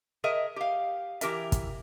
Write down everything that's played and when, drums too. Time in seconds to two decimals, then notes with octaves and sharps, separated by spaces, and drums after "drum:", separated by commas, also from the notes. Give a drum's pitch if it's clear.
0.24 G#4 A#4 D#5 E5 F#5
0.56 G4 F5
1.21 E3 G4 A#4 E5, drum: hi-hat
1.52 drum: kick, hi-hat